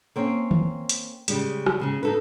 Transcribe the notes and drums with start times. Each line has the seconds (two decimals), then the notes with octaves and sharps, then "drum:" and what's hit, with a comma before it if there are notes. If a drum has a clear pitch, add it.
0.16 A#3 C4 C#4
0.51 drum: tom D#3
0.89 drum: hi-hat
1.28 C#3 G3 G#3, drum: hi-hat
1.66 drum: rim click
1.80 G#2 C#3 G#3
2.03 D#4 A4 B4